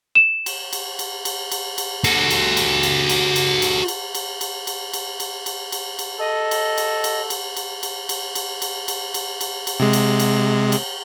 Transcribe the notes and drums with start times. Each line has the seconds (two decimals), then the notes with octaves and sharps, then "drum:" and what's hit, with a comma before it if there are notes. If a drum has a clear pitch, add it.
0.15 E7
0.46 drum: cymbal
0.73 drum: cymbal
0.99 drum: cymbal
1.25 drum: cymbal
1.52 drum: cymbal
1.78 drum: cymbal
2.04 F#4 A4, drum: cymbal
2.30 drum: cymbal
2.57 drum: cymbal
2.83 drum: cymbal
3.09 drum: cymbal
3.36 drum: cymbal
3.62 drum: cymbal
3.88 drum: cymbal
4.15 drum: cymbal
4.41 drum: cymbal
4.67 drum: cymbal
4.93 drum: cymbal
5.20 drum: cymbal
5.46 drum: cymbal
5.72 drum: cymbal
5.99 drum: cymbal
6.20 A4 D#5
6.51 drum: cymbal
6.78 drum: cymbal
7.04 drum: cymbal
7.30 drum: cymbal
7.56 drum: cymbal
7.83 drum: cymbal
8.09 drum: cymbal
8.35 drum: cymbal
8.62 drum: cymbal
8.88 drum: cymbal
9.14 drum: cymbal
9.41 drum: cymbal
9.67 drum: cymbal
9.80 C3 G#3
9.93 drum: cymbal
10.20 drum: cymbal
10.72 drum: cymbal